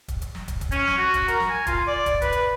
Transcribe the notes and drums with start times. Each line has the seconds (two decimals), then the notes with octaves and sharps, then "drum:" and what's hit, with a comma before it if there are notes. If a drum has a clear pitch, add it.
0.08 drum: kick, hi-hat
0.22 drum: hi-hat
0.35 drum: snare
0.48 drum: kick, hi-hat
0.61 drum: kick, hi-hat
0.71 C#4, drum: hi-hat
0.87 drum: snare
0.97 F#4
1.14 drum: kick, hi-hat
1.28 A#4, drum: hi-hat
1.40 drum: snare
1.50 G#5
1.67 F4, drum: kick, hi-hat
1.87 D5
2.06 drum: kick, hi-hat
2.22 B4, drum: kick, hi-hat
2.32 drum: hi-hat